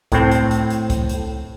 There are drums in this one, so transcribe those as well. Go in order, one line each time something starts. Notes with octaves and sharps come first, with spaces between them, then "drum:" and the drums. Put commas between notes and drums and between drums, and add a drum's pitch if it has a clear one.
A2 C4, drum: kick C2, hi-hat
drum: hi-hat
drum: hi-hat
drum: hi-hat
drum: kick C2, hi-hat
drum: hi-hat